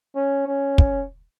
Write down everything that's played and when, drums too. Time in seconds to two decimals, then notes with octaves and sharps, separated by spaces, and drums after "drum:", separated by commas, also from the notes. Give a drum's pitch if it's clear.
0.16 C#4
0.48 C#4
0.78 drum: kick